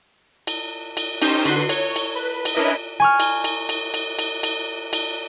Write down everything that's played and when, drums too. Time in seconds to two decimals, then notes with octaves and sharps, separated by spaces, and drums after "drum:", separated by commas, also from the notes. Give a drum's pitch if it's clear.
0.47 drum: cymbal
0.97 drum: cymbal
1.22 C#4 D#4 G4 C5, drum: cymbal
1.45 D3 F#4 B4 C6, drum: cymbal
1.69 C#5, drum: cymbal
1.96 drum: cymbal
2.15 B4
2.45 drum: cymbal
2.55 C#4 D4 E4 A#4 B4 D#5
3.00 G#5 C#6 F6
3.20 drum: cymbal
3.44 drum: cymbal
3.69 drum: cymbal
3.94 drum: cymbal
4.19 drum: cymbal
4.43 drum: cymbal
4.93 drum: cymbal